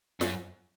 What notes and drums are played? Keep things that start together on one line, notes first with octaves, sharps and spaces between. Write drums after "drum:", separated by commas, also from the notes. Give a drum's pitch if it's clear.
F#2, drum: snare